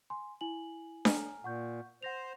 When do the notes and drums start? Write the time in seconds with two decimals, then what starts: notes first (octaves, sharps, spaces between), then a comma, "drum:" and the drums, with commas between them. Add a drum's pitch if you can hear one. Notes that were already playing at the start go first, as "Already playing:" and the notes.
0.10 G#5 C6
0.41 E4 G#5 F#7
1.05 G#5 A#5 F6, drum: snare D4
1.44 A#2 F#5 C#6 G6
2.03 C5 F#5 A#6 F7